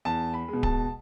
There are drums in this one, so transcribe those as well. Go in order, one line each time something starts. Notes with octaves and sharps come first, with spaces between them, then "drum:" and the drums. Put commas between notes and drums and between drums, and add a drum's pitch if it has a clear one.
E2 A5
B5
B2 G#3
A5, drum: kick D1